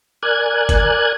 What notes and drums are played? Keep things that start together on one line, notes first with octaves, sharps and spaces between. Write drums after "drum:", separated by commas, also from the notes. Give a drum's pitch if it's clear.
A#4 D5 G#5 F#6 G#6
drum: kick, hi-hat